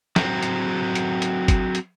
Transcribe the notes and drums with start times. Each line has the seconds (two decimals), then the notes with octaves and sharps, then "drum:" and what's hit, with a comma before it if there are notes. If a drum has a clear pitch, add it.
0.16 F#3 C4, drum: snare
0.43 drum: hi-hat
0.95 drum: hi-hat
1.22 drum: hi-hat
1.48 drum: kick, hi-hat
1.75 drum: hi-hat